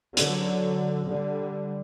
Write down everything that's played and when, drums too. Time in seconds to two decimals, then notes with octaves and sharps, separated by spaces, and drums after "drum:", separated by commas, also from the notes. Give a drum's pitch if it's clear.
0.17 D3 F#3, drum: hi-hat
1.10 D3 G3